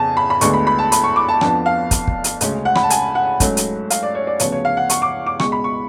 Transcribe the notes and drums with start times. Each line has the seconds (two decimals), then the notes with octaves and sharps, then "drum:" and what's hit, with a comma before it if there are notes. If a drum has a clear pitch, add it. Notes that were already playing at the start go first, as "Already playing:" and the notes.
Already playing: F2 C#3 B3 G#5 A5
0.17 B5
0.30 B5
0.41 D2 D3 G#3 B3 D4 C#6, drum: hi-hat
0.53 B5
0.67 B5
0.79 A5
0.92 B5, drum: hi-hat
1.04 C#6
1.16 D6
1.29 A5
1.41 F2 F3 B3 D4 A5, drum: rim click
1.66 F5
1.91 drum: kick, hi-hat
2.08 drum: kick
2.24 drum: hi-hat
2.41 D2 C#3 G#3 C#4, drum: hi-hat
2.65 F#5
2.75 B5, drum: rim click
2.83 A5
2.90 G#5, drum: hi-hat
3.15 F#5
3.40 G#2 F#3 A3 C#4, drum: kick, hi-hat
3.57 drum: hi-hat
3.90 F5, drum: hi-hat
4.03 D5
4.15 C#5
4.27 D5
4.40 D2 C#3 F3 B3 C#5, drum: hi-hat
4.52 C#5
4.65 F5
4.77 F#5
4.90 C#6, drum: hi-hat
5.02 D6
5.26 D6
5.40 C#2 B2 G#3 C#6, drum: rim click
5.52 B5
5.64 C#6